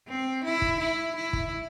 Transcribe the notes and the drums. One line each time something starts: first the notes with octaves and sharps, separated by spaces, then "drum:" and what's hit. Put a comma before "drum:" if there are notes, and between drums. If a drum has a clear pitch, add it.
C4
E4
drum: kick
E4
E4
drum: kick